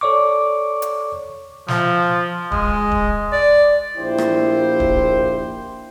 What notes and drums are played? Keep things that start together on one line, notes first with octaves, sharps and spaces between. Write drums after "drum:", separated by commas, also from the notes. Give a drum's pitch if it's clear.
A4 C#5 D5 C#6 D6
drum: hi-hat
F3, drum: snare
G#3, drum: kick
drum: kick
D5
A#1 A#3 E4 G4 C5
drum: rim click
drum: kick